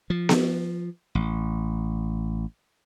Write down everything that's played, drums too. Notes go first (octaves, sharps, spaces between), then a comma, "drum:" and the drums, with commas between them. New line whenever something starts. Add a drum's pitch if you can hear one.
F3
drum: snare B3
A1